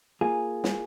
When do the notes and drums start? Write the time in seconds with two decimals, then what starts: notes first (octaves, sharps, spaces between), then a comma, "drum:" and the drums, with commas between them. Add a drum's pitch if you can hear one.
0.21 A#3 F4 G#4 G#5
0.64 drum: snare